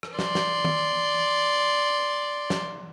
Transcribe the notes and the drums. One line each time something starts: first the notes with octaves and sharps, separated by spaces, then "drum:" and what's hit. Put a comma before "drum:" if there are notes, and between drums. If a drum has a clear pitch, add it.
drum: rim click
D5 C6, drum: snare
drum: snare
drum: tom D#3
drum: snare